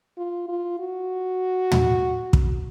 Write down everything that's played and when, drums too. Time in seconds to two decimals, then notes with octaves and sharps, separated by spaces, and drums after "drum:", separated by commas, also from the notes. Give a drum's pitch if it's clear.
0.18 F4
0.48 F4
0.80 F#4
1.72 drum: tom
2.33 drum: kick